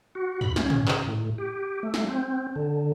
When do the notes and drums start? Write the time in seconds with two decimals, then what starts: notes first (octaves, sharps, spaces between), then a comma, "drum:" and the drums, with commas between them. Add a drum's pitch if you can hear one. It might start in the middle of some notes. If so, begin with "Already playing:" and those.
0.15 F#4
0.41 B5, drum: tom
0.56 C#4, drum: snare
0.70 drum: tom
0.88 C#3, drum: clap
1.07 A2
1.38 G4
1.83 A3
1.94 drum: snare
2.09 C4
2.56 D3